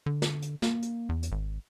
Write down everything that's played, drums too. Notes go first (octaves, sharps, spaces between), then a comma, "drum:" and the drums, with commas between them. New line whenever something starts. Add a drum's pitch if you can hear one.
D3
drum: snare
drum: hi-hat
A#3, drum: snare
drum: hi-hat
E2
drum: hi-hat
G#1